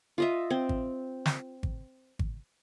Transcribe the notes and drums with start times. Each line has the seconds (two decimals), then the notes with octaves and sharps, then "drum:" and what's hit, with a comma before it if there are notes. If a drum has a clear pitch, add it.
0.18 F4 D#5 E5
0.50 C4
0.69 drum: kick G#1
1.26 drum: snare
1.63 drum: kick G#1
2.19 drum: kick G#1